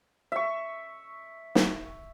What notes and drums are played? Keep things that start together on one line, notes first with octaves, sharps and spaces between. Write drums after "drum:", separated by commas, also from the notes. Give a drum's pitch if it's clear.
E5 C#6
drum: snare